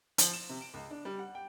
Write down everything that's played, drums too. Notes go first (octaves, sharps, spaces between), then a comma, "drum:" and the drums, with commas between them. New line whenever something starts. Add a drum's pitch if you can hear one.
F3, drum: hi-hat
E7
C3
D7
C#2
D4
G3
F#5
G5